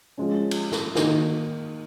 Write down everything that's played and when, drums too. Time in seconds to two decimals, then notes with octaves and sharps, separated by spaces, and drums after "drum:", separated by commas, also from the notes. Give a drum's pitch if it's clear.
0.18 F3 G#3 C#4
0.51 drum: cymbal
0.72 drum: snare
0.95 D#3 A#3 D#4 F#4, drum: snare